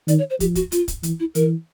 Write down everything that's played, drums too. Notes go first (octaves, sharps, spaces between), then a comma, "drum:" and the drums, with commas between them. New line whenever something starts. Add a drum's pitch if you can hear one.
D#3 D5, drum: hi-hat
C#5
C5
F3 G4, drum: kick, hi-hat
F#4, drum: kick, hi-hat
F4, drum: hi-hat
drum: kick, hi-hat
E3, drum: hi-hat
E4
E3 A#4, drum: hi-hat